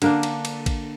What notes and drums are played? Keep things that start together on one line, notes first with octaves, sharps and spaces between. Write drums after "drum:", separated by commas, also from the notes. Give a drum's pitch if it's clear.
D3 A#3 D4, drum: cymbal
drum: cymbal
drum: cymbal
drum: kick A1, cymbal